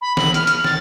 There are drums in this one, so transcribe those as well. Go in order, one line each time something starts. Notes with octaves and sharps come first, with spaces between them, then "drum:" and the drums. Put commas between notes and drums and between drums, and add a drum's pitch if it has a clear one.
B5
F#7, drum: snare
F6, drum: hi-hat
F6, drum: hi-hat
A6, drum: snare